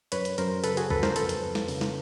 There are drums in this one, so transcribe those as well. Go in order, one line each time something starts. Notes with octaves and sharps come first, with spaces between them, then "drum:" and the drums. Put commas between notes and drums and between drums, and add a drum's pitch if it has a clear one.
F#2 B4 C#5, drum: hi-hat
drum: hi-hat
F#2 A#4 C5, drum: hi-hat
C#3 A4 B4, drum: hi-hat
F#4 G#4, drum: hi-hat
F#2 A4 B4, drum: kick
A#4 C5, drum: snare
F2 A4 B4, drum: hi-hat
drum: hi-hat
F2
drum: snare
C#3, drum: open hi-hat
drum: snare